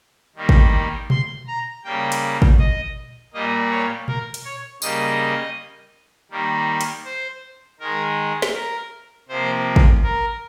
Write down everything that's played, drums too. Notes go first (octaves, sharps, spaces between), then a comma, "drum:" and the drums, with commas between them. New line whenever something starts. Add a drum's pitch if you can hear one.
D#3 G3 A#3
drum: kick
C6, drum: tom A#2
A#5
C#3 G3 A#3 G5
drum: hi-hat
drum: kick
D#5, drum: tom A#2
A#2 G3 A#3 D#5
C#5
A#4, drum: tom A#2
drum: hi-hat
C#5
C#3 G3 A#3 D#5, drum: tambourine
D#3 G3 A#3
drum: hi-hat
C5
D#3 G#3 A#4
drum: snare
A#4
C3 F3 A#3 C5
drum: kick
A#4